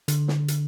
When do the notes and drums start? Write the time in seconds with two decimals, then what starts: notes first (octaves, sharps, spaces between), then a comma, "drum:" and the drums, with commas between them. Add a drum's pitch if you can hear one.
0.08 D3, drum: hi-hat
0.28 drum: snare
0.48 drum: hi-hat